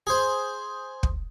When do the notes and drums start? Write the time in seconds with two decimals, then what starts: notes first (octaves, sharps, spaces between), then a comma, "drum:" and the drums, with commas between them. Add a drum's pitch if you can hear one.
0.07 G#4 C5
1.03 drum: kick